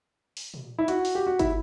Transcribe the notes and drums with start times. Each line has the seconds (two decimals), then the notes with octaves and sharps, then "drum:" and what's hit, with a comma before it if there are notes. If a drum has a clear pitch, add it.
0.37 drum: open hi-hat
0.54 drum: tom A#2
0.79 E4
0.88 F#4, drum: hi-hat
1.05 drum: open hi-hat
1.15 G4
1.27 F#4
1.39 E4, drum: kick, hi-hat